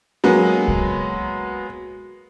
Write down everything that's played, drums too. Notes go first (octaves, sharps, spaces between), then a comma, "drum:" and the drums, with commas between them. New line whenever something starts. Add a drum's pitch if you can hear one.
F#3 G#3 A#3 B3
drum: kick C2